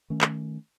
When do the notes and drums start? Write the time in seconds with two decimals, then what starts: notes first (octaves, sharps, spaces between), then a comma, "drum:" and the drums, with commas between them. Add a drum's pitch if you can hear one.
0.10 D#3 A3 C#4
0.21 drum: clap